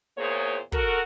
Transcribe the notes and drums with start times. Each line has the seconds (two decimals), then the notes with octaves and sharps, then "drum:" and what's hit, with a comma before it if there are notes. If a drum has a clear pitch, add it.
0.18 E2 A#2 A#3 G#4 C5 C#5
0.72 F#4 A4 A#4, drum: kick